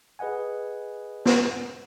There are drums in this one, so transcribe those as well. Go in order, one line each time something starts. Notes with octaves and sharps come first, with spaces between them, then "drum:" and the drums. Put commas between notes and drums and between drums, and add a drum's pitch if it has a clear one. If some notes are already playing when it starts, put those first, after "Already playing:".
G#4 B4 D#5 F#5 G#5
drum: snare